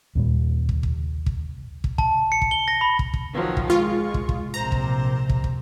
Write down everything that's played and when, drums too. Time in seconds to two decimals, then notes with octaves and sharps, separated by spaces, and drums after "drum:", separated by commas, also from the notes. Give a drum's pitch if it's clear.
0.15 D#2 A#2 G3
0.69 drum: kick
0.83 drum: kick
1.26 drum: kick
1.84 drum: kick
1.98 A5, drum: kick
2.32 C#7
2.42 drum: kick
2.51 G7
2.68 A#6
2.81 B5
2.99 drum: kick
3.14 drum: kick
3.32 D#3 F3 F#3
3.57 drum: kick
3.70 G#3 F4 C#6
4.14 drum: kick
4.29 drum: kick
4.54 A#1 C3 C5 A#5
4.72 drum: kick
5.29 drum: kick
5.44 drum: kick